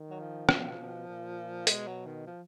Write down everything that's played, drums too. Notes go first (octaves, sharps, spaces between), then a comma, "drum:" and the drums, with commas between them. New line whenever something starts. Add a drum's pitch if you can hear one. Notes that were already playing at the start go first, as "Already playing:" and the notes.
Already playing: D#3
F#3
F3
B2, drum: rim click
B2
A#2
B2 G#3, drum: hi-hat
F#3
D#3
F3